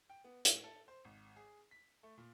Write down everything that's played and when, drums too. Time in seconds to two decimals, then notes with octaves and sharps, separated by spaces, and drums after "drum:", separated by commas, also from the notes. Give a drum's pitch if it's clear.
0.10 G5
0.24 B3
0.45 A2, drum: hi-hat
0.64 A4
0.88 C5
1.05 G#1
1.36 G#4
1.71 B6
2.03 A3
2.18 A#2